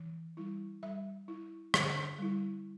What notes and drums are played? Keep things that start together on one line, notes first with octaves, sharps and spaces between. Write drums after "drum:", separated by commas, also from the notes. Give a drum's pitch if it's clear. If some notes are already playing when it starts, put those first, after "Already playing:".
Already playing: E3
G3 E4
G3 E5
E4
D3, drum: rim click
G3 E4